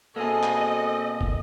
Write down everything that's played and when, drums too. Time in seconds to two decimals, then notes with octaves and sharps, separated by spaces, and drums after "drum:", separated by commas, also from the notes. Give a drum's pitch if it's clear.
0.16 B2 A#3 C4 G#4 A4 D#5
0.43 drum: clap
1.21 drum: kick